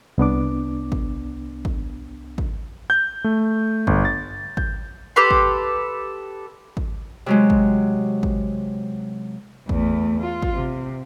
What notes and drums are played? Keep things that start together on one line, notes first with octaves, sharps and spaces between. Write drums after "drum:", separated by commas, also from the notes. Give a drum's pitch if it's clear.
C2 B3 D4 D6
drum: kick G#1
drum: kick G#1
drum: kick G#1
G6
A3
G1, drum: kick G#1
A6
G6, drum: kick G#1
G4 A4 B4 C6
drum: kick G#1
drum: kick G#1
C3 F#3 G#3
drum: kick G#1
drum: kick G#1
E2 A3, drum: kick G#1
F4
drum: kick G#1
C3